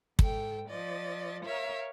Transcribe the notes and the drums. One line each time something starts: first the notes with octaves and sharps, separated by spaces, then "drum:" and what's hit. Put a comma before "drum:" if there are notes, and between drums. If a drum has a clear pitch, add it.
G#2 A4 G5, drum: kick
F3 D5 D#5 A6
A#4 C#5 E5 F5